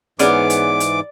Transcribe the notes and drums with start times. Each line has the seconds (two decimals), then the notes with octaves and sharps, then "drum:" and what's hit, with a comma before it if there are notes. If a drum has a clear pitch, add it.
0.19 G#2 E3 B3 C#4 G#4 D5 D6, drum: hi-hat
0.50 drum: hi-hat
0.80 drum: hi-hat